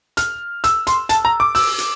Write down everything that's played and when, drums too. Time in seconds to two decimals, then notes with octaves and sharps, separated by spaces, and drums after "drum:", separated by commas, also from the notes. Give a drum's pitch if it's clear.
0.17 F6, drum: hi-hat
0.64 E6, drum: hi-hat
0.87 C6, drum: hi-hat
1.09 A5, drum: hi-hat
1.25 A#5
1.40 D6
1.55 E6, drum: open hi-hat
1.78 drum: hi-hat